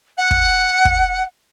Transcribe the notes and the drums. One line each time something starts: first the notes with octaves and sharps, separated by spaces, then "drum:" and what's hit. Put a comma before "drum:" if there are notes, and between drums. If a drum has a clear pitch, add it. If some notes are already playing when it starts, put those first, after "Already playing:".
F#5
drum: kick
drum: kick